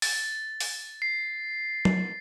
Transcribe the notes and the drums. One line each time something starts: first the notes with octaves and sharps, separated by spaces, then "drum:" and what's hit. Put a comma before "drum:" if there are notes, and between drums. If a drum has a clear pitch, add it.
A6, drum: open hi-hat
drum: open hi-hat
C7
drum: tom F#3